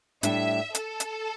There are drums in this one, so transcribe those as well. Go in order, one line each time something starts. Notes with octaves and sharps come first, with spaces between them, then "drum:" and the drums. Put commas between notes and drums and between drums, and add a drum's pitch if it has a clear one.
A2 G3 D4 E5, drum: hi-hat
A4, drum: hi-hat
drum: hi-hat